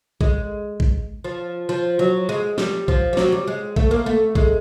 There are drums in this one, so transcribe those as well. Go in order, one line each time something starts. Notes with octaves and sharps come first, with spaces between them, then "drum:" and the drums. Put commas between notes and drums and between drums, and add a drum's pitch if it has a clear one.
G#3, drum: kick A#1
drum: kick A#1
F3
F3
F#3
G#3
G3, drum: snare
F3, drum: kick A#1
G3
F#3, drum: snare
G3
G#3
A3, drum: kick A#1
A#3
A3
G#3, drum: kick A#1